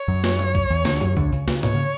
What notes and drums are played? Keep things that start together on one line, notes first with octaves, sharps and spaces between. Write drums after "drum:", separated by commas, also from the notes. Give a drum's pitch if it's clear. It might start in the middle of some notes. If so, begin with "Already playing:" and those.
Already playing: C#5
F#2 F#3
drum: snare
drum: tom F#3
drum: kick B1, tambourine
E2 E3, drum: tambourine
D2 D3, drum: snare
F#2 F#3, drum: tom F#2
D2 D3, drum: kick B1, tambourine
C#2 C#3, drum: tambourine
C#2 C#3, drum: snare
B2 C#5, drum: tom G#2
C#3